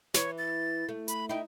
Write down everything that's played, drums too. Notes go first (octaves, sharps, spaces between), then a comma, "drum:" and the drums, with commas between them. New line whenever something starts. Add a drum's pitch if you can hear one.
E3 C#5, drum: snare
A6
A3
B5, drum: hi-hat
D#4 E4 G5